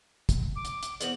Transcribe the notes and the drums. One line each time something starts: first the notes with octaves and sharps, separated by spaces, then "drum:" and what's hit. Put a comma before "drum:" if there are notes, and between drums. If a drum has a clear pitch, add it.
drum: kick, hi-hat
D6
drum: hi-hat
drum: hi-hat
E2 B3 C4 F#7, drum: hi-hat